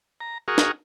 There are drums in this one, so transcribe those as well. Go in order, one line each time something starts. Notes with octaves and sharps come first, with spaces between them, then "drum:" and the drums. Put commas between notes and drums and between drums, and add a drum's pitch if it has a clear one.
A#5
F#4 G#4 A#4 C#6 D#6 F6
drum: snare